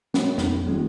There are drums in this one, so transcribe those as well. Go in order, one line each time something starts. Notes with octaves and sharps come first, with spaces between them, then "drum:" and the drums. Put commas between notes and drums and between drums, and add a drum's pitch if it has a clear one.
F#2, drum: snare
B1 F2, drum: snare
D#1 F#3 G3 A3